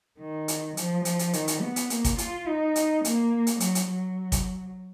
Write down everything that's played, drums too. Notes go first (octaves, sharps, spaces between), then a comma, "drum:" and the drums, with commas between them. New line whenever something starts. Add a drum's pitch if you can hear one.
D#3
drum: hi-hat
F3, drum: hi-hat
F3, drum: hi-hat
drum: hi-hat
D#3, drum: hi-hat
drum: hi-hat
B3
drum: hi-hat
A#3, drum: hi-hat
drum: kick, hi-hat
F4, drum: hi-hat
D#4
drum: hi-hat
A#3, drum: hi-hat
drum: hi-hat
F#3, drum: hi-hat
drum: hi-hat
F#3
drum: kick, hi-hat